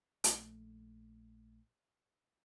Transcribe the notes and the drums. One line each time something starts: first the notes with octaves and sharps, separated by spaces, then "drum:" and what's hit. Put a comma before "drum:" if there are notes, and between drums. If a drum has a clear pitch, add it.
A#1 A3, drum: hi-hat